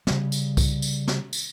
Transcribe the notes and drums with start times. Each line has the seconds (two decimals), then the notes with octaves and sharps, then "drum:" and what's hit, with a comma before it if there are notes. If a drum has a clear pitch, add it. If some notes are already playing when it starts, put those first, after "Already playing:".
0.07 C#3 G3, drum: snare
0.32 drum: tambourine
0.57 drum: kick C2, tambourine
0.82 drum: tambourine
1.08 drum: snare
1.33 drum: tambourine